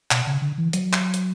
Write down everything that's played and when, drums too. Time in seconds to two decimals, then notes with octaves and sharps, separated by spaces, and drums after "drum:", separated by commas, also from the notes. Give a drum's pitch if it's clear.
0.11 B2, drum: clap
0.27 C#3
0.42 D3
0.58 E3
0.73 F#3, drum: hi-hat
0.93 drum: clap
1.14 drum: hi-hat